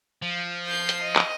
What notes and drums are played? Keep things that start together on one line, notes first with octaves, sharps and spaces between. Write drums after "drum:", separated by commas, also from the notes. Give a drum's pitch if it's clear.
F3
G6 C7
drum: hi-hat
D#5
drum: clap